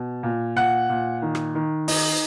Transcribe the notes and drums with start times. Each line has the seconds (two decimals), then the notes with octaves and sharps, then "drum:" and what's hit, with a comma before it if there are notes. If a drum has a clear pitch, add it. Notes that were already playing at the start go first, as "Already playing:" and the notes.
Already playing: B2
0.23 A#2
0.56 A#2 F#5
0.89 A#2
1.22 D#3
1.35 drum: rim click
1.55 D#3
1.88 D#4, drum: open hi-hat